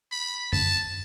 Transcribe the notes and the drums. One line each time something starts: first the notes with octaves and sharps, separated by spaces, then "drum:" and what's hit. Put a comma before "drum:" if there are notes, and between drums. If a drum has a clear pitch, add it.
B5
A5, drum: tom F#2